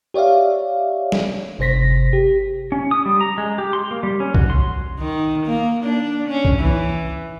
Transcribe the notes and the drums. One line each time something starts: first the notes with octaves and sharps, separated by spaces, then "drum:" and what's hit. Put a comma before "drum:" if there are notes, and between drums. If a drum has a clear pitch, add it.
G4 C#5 D5 E5 F5
drum: snare G3
G1 C3 C5 A#6 B6
G4
C#4
D#6
G3
A#5
G#3
G4
C6
A#3
G3
C#4
F#4, drum: kick C2
C6
D#3
A#3
D4
C#4
drum: kick C2
E3